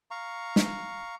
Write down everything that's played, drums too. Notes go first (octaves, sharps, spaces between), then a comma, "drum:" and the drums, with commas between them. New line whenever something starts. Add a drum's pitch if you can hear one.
F5 A#5 C#6
drum: snare